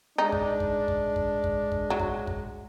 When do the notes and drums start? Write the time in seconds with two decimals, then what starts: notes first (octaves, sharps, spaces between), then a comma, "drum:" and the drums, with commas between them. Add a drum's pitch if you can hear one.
0.18 G#3 D4 D#4
0.32 drum: kick
0.60 drum: kick
0.88 drum: kick
1.16 drum: kick
1.44 drum: kick
1.72 drum: kick
1.90 F#3
2.00 drum: kick
2.27 drum: kick